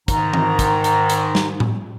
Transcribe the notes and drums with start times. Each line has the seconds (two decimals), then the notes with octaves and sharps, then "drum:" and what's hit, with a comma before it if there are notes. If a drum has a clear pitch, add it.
0.08 G#2 D#3 A#5, drum: kick, hi-hat
0.34 drum: tom E3
0.59 drum: kick, hi-hat
0.84 drum: hi-hat
1.10 drum: hi-hat
1.35 drum: snare
1.60 drum: tom A2